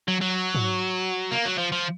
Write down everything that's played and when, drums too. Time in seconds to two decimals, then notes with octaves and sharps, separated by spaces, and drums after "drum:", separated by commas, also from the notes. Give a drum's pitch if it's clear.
0.08 F#3
0.21 F#3
0.55 drum: tom G#2
1.31 A#3
1.45 F#3
1.58 F3
1.72 F3